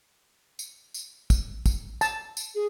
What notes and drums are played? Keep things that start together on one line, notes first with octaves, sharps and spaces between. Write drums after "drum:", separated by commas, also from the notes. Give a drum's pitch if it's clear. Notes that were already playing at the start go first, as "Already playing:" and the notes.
drum: tambourine
drum: tambourine
drum: kick, tambourine
drum: kick, tambourine
A5, drum: tambourine
drum: tambourine
G#4